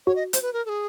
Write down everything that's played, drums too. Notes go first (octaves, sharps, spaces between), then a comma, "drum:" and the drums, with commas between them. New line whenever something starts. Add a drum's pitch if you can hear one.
F#4 C#5
D#5
C5, drum: hi-hat
B4
A#4
A4
G#4